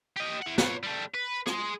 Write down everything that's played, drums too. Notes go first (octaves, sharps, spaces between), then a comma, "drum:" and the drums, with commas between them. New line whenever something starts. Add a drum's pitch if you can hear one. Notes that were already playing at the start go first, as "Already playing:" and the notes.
G4 D#5
E4 F#5
B4 C#5, drum: snare
G3 A3
B4
G#4 C6, drum: rim click